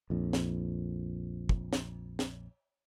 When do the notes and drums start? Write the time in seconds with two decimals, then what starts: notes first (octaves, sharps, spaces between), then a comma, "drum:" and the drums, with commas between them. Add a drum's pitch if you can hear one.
0.10 A#1 F2
0.33 drum: snare
1.49 drum: kick
1.73 drum: snare
2.19 drum: snare